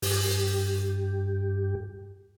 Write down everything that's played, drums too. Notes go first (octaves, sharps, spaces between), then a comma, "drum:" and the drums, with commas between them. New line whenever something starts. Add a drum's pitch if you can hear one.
G2 G4, drum: open hi-hat